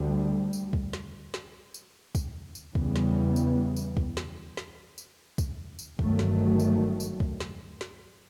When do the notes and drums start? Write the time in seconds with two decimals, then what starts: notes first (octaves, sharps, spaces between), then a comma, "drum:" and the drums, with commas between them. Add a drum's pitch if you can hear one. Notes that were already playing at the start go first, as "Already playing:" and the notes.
Already playing: D2 D3 G3
0.53 drum: tambourine
0.73 drum: kick
0.93 drum: snare
1.34 drum: snare
1.74 drum: tambourine
2.15 drum: kick, tambourine
2.55 drum: tambourine
2.75 E2 C#3 E3 G3 B3, drum: kick
2.96 drum: snare
3.36 drum: tambourine
3.76 drum: tambourine
3.97 drum: kick
4.17 drum: snare
4.57 drum: snare
4.98 drum: tambourine
5.38 drum: kick, tambourine
5.79 drum: tambourine
5.99 G1 G2 D#3 F#3 A3, drum: kick
6.19 drum: snare
6.60 drum: tambourine
7.00 drum: tambourine
7.20 drum: kick
7.40 drum: snare
7.81 drum: snare